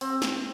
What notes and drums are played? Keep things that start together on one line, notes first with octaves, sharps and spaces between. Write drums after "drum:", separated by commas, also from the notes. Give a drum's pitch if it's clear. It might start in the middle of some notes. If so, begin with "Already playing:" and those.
C4, drum: open hi-hat
drum: snare